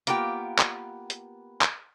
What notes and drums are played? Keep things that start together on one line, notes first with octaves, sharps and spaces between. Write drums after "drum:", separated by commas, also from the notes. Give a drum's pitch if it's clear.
A#3 B3 F4 G4 G5, drum: hi-hat
drum: clap
drum: hi-hat
drum: clap